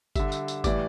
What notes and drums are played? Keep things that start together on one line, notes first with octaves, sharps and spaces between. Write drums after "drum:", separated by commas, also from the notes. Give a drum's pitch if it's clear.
D3 G3 E5, drum: kick G1, tambourine
drum: tambourine
drum: tambourine
A2 E3 G3 D5, drum: kick G1, tambourine